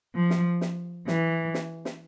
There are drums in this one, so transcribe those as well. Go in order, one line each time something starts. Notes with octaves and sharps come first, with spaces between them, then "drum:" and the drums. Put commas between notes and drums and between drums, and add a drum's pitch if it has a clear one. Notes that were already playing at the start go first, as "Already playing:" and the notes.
F3
drum: snare
drum: snare
E3, drum: snare
drum: snare
drum: snare